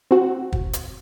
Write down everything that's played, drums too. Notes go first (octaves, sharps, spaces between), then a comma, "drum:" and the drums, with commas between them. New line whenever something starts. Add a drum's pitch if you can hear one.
C4 F#4
drum: kick
drum: hi-hat